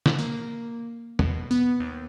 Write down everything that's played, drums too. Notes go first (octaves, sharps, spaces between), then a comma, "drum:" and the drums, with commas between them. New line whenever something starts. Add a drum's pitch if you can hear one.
drum: snare
A#3
B2, drum: tom
B3
D#2